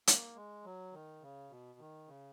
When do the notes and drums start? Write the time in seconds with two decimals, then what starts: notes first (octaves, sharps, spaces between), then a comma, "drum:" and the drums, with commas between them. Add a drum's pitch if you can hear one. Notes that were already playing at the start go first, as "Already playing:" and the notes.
0.07 A#3, drum: hi-hat
0.35 G#3
0.65 F#3
0.93 D#3
1.22 C#3
1.50 B2
1.79 D#3
2.08 C#3